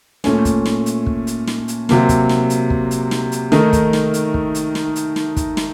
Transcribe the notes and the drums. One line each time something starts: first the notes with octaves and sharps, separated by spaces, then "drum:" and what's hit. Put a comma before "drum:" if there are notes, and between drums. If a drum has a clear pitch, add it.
A#2 A3 C#4, drum: snare
drum: kick, hi-hat
drum: snare
drum: hi-hat
drum: kick
drum: hi-hat
drum: snare
drum: hi-hat
C3 F#3 A#3, drum: snare
drum: kick, hi-hat
drum: snare
drum: hi-hat
drum: kick
drum: hi-hat
drum: snare
drum: hi-hat
D#3 A3 D#4 A#4, drum: snare
drum: kick, hi-hat
drum: snare
drum: hi-hat
drum: kick
drum: hi-hat
drum: snare
drum: hi-hat
drum: snare
drum: kick, hi-hat
drum: snare